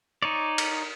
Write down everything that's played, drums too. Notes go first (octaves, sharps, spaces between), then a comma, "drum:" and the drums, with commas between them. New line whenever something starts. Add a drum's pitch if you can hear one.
D#4 C#5 D5
drum: cymbal